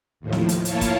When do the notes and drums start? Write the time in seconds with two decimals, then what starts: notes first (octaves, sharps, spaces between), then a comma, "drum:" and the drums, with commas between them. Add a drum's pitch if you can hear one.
0.20 D#2 A2 F3
0.32 drum: snare
0.49 drum: hi-hat
0.65 A#3 E4 F4 C#5 A5, drum: hi-hat
0.81 drum: kick, hi-hat